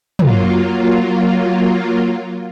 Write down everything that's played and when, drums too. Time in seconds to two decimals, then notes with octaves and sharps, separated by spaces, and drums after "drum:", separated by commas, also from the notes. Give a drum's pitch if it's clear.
0.19 F#3 A#3 F4, drum: tom